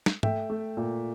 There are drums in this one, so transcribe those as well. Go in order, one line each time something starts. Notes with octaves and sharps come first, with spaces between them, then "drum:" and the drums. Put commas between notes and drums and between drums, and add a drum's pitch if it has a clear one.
drum: snare
A3 E5 G5, drum: tom G#2
A3
A#2